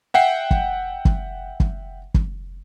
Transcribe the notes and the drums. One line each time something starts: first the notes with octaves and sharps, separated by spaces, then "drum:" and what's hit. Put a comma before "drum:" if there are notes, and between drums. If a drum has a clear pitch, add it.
E5 F#5 G5 C7
drum: kick
drum: kick
drum: kick
drum: kick